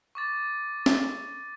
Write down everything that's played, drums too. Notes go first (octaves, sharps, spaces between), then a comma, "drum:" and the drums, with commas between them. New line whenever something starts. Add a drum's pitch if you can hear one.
C#6 D6 A6
drum: snare